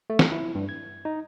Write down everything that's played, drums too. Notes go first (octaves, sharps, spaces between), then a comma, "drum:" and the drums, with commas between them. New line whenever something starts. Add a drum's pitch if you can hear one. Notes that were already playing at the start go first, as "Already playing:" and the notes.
A3
drum: snare
E4
G2
G#6
D#4